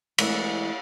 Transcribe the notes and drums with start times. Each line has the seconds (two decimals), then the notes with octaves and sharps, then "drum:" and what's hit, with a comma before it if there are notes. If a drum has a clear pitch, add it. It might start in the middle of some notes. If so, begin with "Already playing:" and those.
0.18 E3 G#3 A3 B3 C4 E4, drum: cymbal